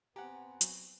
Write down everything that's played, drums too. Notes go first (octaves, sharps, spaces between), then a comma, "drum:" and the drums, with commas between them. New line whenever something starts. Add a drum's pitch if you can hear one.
B3 C4 G4 F#5 G#5 A#5
F#3, drum: hi-hat